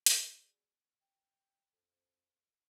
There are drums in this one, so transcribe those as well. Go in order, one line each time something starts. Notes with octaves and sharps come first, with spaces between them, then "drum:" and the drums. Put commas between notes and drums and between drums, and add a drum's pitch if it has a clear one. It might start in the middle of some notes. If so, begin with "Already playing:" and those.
B2 G3 G#4, drum: hi-hat
G5
F2